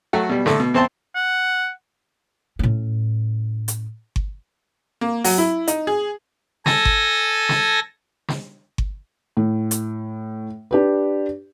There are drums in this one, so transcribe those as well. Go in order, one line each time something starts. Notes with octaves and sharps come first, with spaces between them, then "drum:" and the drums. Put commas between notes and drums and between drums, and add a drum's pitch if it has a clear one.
F#3 A3 F#4
B2 G3
A2 D3 A3, drum: snare
B2
E2 C4 C5 A5 C6
F#5
A2 C#4
drum: hi-hat
drum: kick G1
A#3
F#3, drum: open hi-hat
E4
D#4, drum: hi-hat
G#4
A4 G#5 A#6, drum: snare
drum: kick G1
drum: snare
drum: snare
drum: kick G1
A2
drum: hi-hat
D4 G4 B4